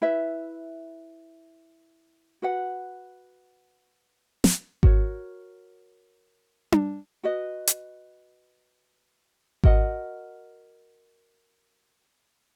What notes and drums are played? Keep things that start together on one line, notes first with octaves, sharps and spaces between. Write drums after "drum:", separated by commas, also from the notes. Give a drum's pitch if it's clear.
E4 B4 E5
F#4 B4 F#5
drum: snare
F#4 A#4 C#5, drum: kick G#1
drum: tom D4
F#4 B4 D#5
drum: hi-hat
F#4 A#4 D#5 F#5, drum: kick G#1